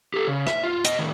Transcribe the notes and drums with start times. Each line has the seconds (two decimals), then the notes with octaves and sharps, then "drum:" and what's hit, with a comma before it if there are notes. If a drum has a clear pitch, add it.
0.14 G4 A4
0.27 C#3
0.47 E5, drum: rim click
0.63 F4
0.85 B2 D#5, drum: hi-hat
0.99 A2 D#3